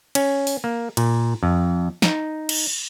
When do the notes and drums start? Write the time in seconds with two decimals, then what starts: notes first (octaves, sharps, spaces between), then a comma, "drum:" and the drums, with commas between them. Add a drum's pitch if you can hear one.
0.15 C#4, drum: cymbal
0.47 drum: open hi-hat
0.64 A#3
0.97 A#2, drum: cymbal
1.43 F2
2.02 D#4, drum: snare
2.49 drum: cymbal